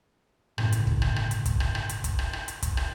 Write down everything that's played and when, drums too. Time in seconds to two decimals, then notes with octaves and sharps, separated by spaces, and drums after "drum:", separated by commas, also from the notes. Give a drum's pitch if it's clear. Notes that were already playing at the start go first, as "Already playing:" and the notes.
0.58 G1 A2 C#3, drum: rim click
0.72 drum: hi-hat
0.87 drum: kick
1.02 drum: rim click
1.16 drum: rim click
1.31 drum: hi-hat
1.46 drum: kick, hi-hat
1.60 drum: rim click
1.75 drum: rim click
1.89 drum: hi-hat
2.04 drum: kick, hi-hat
2.19 drum: rim click
2.33 drum: rim click
2.48 drum: hi-hat
2.63 drum: kick, hi-hat
2.77 drum: rim click